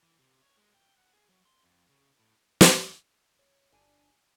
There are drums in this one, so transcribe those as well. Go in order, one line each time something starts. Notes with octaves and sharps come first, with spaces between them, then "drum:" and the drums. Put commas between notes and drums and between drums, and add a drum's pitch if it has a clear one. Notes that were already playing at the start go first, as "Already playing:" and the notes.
E3
C3
C#5
G#3
G5
F#5
G#4
F#3
C6
F2
C#3
A2
drum: snare
C#5
G1 D4 G#5 D#7